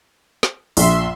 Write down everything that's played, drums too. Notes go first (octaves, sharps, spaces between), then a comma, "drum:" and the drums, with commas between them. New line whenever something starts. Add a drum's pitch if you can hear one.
drum: snare
A#1 E5 C6, drum: open hi-hat